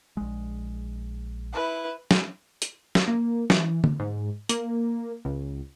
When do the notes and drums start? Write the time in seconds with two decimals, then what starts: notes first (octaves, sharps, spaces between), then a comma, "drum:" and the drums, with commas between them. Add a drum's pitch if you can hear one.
0.17 A#1 G#3
1.53 E4 B4
2.11 drum: snare
2.62 drum: hi-hat
2.95 drum: snare
3.08 A#3
3.50 E3, drum: snare
3.84 drum: tom D3
4.00 G#2
4.49 A#3, drum: hi-hat
5.25 C#2